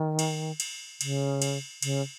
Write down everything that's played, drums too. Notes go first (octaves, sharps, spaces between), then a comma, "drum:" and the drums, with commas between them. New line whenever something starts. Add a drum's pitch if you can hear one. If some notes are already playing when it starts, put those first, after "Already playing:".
Already playing: D#3
drum: cymbal
drum: cymbal
C#3, drum: cymbal
drum: cymbal
C#3, drum: cymbal